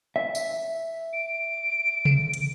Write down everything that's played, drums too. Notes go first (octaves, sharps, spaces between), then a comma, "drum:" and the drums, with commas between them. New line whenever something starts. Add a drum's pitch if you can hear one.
E5
drum: tambourine
D7
drum: tom C3
drum: hi-hat